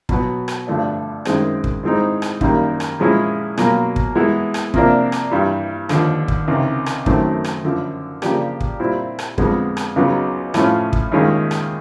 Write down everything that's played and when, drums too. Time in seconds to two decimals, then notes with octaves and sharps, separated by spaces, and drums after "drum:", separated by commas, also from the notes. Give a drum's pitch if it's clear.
0.09 B2 F#3 B3, drum: kick
0.48 drum: rim click
0.67 G2 D3 F3 A3 D4
1.25 F#2 D#3 G#3 C4, drum: rim click
1.64 drum: kick
1.83 G#2 E3 G#3 C4 D#4
2.22 drum: rim click
2.41 F#2 D#3 G3 A#3, drum: kick
2.80 drum: rim click
2.99 A#2 F3 G#3 C#4 E4
3.57 B2 F#3 A#3, drum: rim click
3.96 drum: kick
4.15 E3 G#3 B3 E4
4.54 drum: rim click
4.74 C3 F3 A#3 D4, drum: kick
5.12 drum: rim click
5.31 G2 E3 G3
5.89 D#2 D3 F3, drum: rim click
6.28 drum: kick
6.48 C#2 C3 D#3
6.86 drum: rim click
7.06 F#2 D#3 F#3 A3 C4, drum: kick
7.44 drum: rim click
7.64 F#2 D3 F3
8.22 C#3 F3 A#3 D4 G4, drum: rim click
8.61 drum: kick
8.80 A#2 G3 C4 E4
9.19 drum: rim click
9.38 F2 D3 F3 G#3 B3, drum: kick
9.77 drum: rim click
9.96 C#2 C#3 F#3 B3 D#4
10.54 A2 F3 A3 C#4 F4, drum: rim click
10.93 drum: kick
11.12 D#2 D#3 G#3 C#4 F4
11.51 drum: rim click